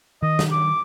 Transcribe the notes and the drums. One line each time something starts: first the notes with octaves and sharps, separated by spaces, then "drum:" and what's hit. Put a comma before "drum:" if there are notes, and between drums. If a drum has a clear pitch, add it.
D#3 D#5
drum: snare
D6